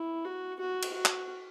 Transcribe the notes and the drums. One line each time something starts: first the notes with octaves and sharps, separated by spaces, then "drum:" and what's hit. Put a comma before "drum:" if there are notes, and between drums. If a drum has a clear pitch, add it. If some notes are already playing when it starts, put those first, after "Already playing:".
Already playing: E4
F#4
F#4
drum: cymbal
F#4
drum: clap